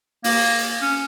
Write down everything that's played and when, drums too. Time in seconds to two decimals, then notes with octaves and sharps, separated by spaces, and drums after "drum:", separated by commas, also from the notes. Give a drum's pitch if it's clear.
0.24 A#3, drum: open hi-hat
0.59 drum: hi-hat
0.82 C#4